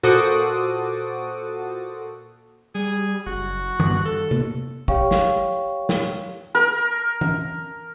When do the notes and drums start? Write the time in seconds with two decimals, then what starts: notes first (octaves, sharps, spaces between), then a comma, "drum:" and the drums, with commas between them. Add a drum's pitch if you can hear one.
0.03 A#2 F#4 A4 C5 D6 D#6, drum: tambourine
2.75 G3 G#4
3.26 F#1 F#4
3.80 G2, drum: tom D#3
4.06 A4
4.31 drum: tom C3
4.88 G4 C#5 F5 G5 C#6, drum: kick
5.11 drum: snare
5.89 drum: snare
6.55 A#4
7.21 drum: tom E3